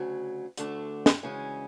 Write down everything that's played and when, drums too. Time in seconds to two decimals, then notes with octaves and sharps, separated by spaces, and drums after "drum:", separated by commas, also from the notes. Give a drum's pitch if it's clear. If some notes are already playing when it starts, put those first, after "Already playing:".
Already playing: D2 C#3 F#3
0.57 D2 D3 A3 D4, drum: hi-hat
1.06 drum: snare
1.23 D2 C#3 E3 G#3 C#4